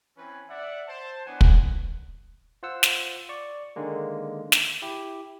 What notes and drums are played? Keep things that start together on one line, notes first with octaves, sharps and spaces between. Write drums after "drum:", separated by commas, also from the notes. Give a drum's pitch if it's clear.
E3 C4 C#4 B4 G#5
D5 E5 F#5
C5 A5
E3 B3 D4 C#5 F#5 G#5
drum: kick
F4 C5 F#5 E6
drum: snare
D5 C#6
D3 D#3 G#3 A#3
drum: snare
E4 G4